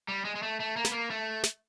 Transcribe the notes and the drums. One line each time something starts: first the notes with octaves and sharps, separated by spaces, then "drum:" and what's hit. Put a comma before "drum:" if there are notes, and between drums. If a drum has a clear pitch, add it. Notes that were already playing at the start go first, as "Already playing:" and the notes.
G3
G#3
G#3
A3
A3
A#3
B3, drum: snare
A#3
A3
drum: snare